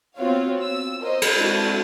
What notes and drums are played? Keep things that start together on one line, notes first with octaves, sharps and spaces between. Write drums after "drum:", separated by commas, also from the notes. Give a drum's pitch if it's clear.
B3 C4 F4 F#4 C#5 F5
E6
A#4 C5 C#5 D#5
drum: cymbal
G#3 C4 D4 E4 F#4 A4